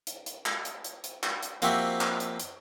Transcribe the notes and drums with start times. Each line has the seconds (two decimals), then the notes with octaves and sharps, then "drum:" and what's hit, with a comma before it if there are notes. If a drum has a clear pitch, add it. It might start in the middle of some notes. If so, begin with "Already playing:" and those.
0.07 drum: hi-hat
0.26 drum: hi-hat
0.46 drum: clap
0.65 drum: hi-hat
0.84 drum: hi-hat
1.04 drum: hi-hat
1.23 drum: clap
1.43 drum: hi-hat
1.62 F3 A#3 C4 F#4 G4 E5, drum: hi-hat
2.01 drum: clap
2.20 drum: hi-hat
2.40 drum: hi-hat